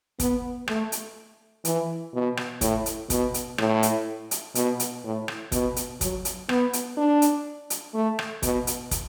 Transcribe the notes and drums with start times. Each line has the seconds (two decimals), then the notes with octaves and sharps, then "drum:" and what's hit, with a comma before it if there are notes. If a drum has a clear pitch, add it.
0.20 B3, drum: kick, hi-hat
0.68 A3, drum: rim click
0.92 drum: hi-hat
1.65 E3, drum: hi-hat
2.14 B2
2.37 drum: rim click
2.61 A2, drum: kick, hi-hat
2.86 drum: hi-hat
3.10 B2, drum: kick, hi-hat
3.34 drum: hi-hat
3.58 A2, drum: rim click
3.83 drum: hi-hat
4.31 drum: hi-hat
4.55 B2, drum: hi-hat
4.80 drum: hi-hat
5.04 A2
5.28 drum: rim click
5.52 B2, drum: kick, hi-hat
5.76 drum: hi-hat
6.01 F#3, drum: kick, hi-hat
6.25 drum: hi-hat
6.49 B3, drum: rim click
6.73 drum: hi-hat
6.97 D4
7.22 drum: hi-hat
7.70 drum: hi-hat
7.94 A3
8.19 drum: rim click
8.43 B2, drum: kick, hi-hat
8.67 drum: hi-hat
8.91 drum: kick, hi-hat